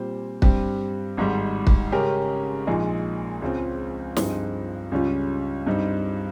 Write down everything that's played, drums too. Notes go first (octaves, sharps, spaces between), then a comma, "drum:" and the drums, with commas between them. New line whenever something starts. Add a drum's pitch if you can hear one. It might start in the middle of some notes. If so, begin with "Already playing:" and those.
Already playing: A#2 G3 C4 G4 C5
G2 G3 C4 G4, drum: kick
G#1 G#2 G3
drum: kick
C#3 G#3 C#4 G4 A#4
A#1 A#2 G#3 D#4 G#4
C#2 C#3 G#3 C4 F4
G2 F3 C4 D#4 G#4, drum: snare
C#2 C#3 G3 C#4 F4
G2 G3 C4 D#4